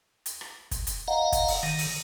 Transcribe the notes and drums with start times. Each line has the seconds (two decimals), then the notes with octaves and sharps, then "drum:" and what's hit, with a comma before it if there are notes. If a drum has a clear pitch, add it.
0.26 drum: hi-hat
0.41 drum: rim click
0.71 drum: kick, hi-hat
0.87 drum: hi-hat
1.08 D#5 F5 F#5 A#5
1.32 drum: kick, hi-hat
1.48 drum: open hi-hat
1.63 D#3, drum: rim click
1.78 drum: open hi-hat